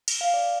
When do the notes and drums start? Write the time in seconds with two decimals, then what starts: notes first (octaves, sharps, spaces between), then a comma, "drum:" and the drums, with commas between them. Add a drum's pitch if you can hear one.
0.08 drum: cymbal
0.21 F5
0.34 D5